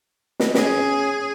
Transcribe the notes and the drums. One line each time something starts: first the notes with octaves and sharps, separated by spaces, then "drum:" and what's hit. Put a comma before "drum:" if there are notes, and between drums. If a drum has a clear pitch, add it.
drum: snare
C#4 G#4, drum: snare